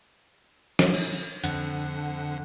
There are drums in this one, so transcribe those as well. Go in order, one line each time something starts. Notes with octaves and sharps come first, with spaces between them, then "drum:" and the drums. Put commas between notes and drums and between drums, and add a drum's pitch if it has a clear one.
drum: snare
drum: cymbal
F2 D3 F#5, drum: hi-hat